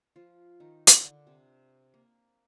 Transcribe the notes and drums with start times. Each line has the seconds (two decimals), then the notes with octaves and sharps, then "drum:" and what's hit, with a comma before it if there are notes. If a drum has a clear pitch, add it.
0.16 F3 F4
0.60 D#3 D#4
0.87 drum: hi-hat
1.05 D3 D4
1.27 C3 C4
1.94 A#3